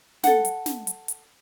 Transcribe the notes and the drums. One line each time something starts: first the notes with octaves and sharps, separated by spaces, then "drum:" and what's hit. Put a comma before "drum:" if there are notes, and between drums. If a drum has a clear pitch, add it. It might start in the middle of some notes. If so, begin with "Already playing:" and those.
A4 F#5, drum: snare
drum: hi-hat
drum: snare
drum: hi-hat
drum: hi-hat